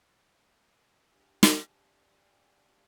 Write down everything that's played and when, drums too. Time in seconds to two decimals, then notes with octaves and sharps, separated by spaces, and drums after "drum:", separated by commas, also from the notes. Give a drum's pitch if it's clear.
1.12 D4 G4 F5 G#5
1.43 drum: snare